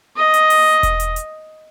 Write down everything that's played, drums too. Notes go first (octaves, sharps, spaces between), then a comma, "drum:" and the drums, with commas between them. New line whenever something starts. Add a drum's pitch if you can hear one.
D#5
drum: hi-hat
drum: open hi-hat
drum: kick E1, hi-hat
drum: hi-hat
drum: hi-hat